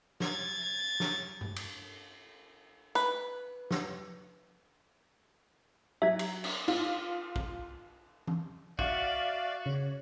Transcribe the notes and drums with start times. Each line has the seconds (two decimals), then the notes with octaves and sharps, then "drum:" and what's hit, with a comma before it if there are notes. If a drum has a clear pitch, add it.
0.20 G#6 A6, drum: snare
1.00 drum: snare
1.41 drum: tom G2
1.56 drum: cymbal
2.95 B4, drum: hi-hat
3.71 drum: snare
6.02 F#3 E5 G#6
6.19 drum: cymbal
6.44 drum: cymbal
6.68 F4, drum: cymbal
7.36 drum: kick
8.27 drum: tom E3
8.79 F#4 D5 E5 F5, drum: kick
9.66 C#3 C#5